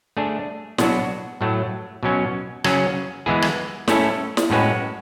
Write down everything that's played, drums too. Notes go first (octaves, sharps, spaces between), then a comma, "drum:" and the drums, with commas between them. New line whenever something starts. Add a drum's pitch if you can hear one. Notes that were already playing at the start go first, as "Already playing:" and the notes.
A3 D4 G#4
B2 F#3 B3 D4 F#4, drum: snare
A2 F#3 A3
B2 F#3 C#4
C#3 F#3 C#4 G#4, drum: rim click
E3 G#3 B3 E4 G#4
drum: rim click
A3 C#4 E4 A4, drum: snare
drum: snare
A2 G#3 C#4 F#4 B4